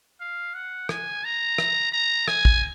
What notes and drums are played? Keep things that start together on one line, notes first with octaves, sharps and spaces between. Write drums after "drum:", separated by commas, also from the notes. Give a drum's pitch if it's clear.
F5
F#5
G#5, drum: rim click
A#5
drum: rim click
A#5
G#5, drum: rim click
drum: kick